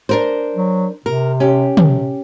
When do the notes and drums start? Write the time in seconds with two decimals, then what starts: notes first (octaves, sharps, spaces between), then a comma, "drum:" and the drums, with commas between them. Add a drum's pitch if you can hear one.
0.09 D4 A#4 C5
0.56 F#3
1.06 C3 A#4
1.40 C#4 G4
1.77 C3, drum: tom